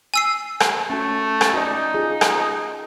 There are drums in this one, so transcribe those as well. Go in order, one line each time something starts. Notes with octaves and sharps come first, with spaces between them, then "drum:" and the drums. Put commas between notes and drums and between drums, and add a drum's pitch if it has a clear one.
G#5 E6 C7
drum: rim click
A3 C#4 F#4
drum: rim click
D#4 F#4 D5
F4 G#4
drum: rim click